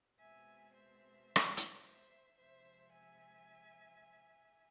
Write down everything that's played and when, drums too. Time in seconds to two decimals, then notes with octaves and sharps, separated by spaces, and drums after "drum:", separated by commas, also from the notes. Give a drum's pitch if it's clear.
0.19 B2 G#3 C4 E5 G#5
0.74 C5 E5
1.36 drum: rim click
1.57 drum: hi-hat
1.83 C5 E5
2.37 C3 F3 G#3 C4 C5 E5
2.92 E5 G#5